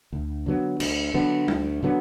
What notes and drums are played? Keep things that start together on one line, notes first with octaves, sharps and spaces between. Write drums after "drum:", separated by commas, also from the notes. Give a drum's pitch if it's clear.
D2
D3 F#3 B3
D2, drum: cymbal
D3 F#3 B3
D2, drum: tom G3
D3 F#3 B3